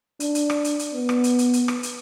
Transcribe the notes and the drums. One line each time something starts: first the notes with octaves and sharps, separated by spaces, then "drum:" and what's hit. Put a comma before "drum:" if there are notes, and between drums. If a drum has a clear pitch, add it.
D4, drum: hi-hat
drum: hi-hat
drum: rim click
drum: hi-hat
drum: hi-hat
B3
drum: rim click
drum: hi-hat
drum: hi-hat
drum: hi-hat
drum: rim click
drum: hi-hat